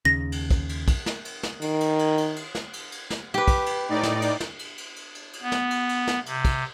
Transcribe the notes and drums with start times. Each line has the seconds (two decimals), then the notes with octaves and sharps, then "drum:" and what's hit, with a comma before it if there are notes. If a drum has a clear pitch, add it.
0.05 D#2 C#3 A#6
0.32 drum: cymbal
0.51 drum: kick, cymbal
0.69 drum: cymbal
0.88 drum: kick, cymbal
1.06 drum: snare
1.25 drum: cymbal
1.43 drum: snare
1.62 D#3, drum: cymbal
1.80 drum: cymbal
1.99 drum: cymbal
2.18 drum: cymbal
2.36 drum: cymbal
2.55 drum: snare
2.73 drum: cymbal
2.92 drum: cymbal
3.10 drum: snare
3.34 G4 B4
3.48 drum: kick, cymbal
3.66 drum: cymbal
3.89 A2 D#4 D5
4.03 drum: snare
4.22 drum: cymbal
4.40 drum: snare
4.59 drum: cymbal
4.78 drum: cymbal
4.96 drum: cymbal
5.15 drum: cymbal
5.33 drum: cymbal
5.42 B3
5.52 drum: snare
5.70 drum: cymbal
5.89 drum: cymbal
6.08 drum: snare
6.26 C3, drum: cymbal
6.45 drum: kick, cymbal